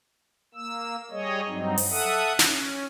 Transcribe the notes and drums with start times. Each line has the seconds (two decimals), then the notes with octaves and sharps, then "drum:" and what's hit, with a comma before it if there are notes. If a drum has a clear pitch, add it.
0.54 A#3 E6
1.10 G3 G#4 C#5 D#5
1.47 G2 F#3 C4 D#4
1.78 drum: open hi-hat
1.90 A4 E5 F#5 D#6
2.39 C#4, drum: snare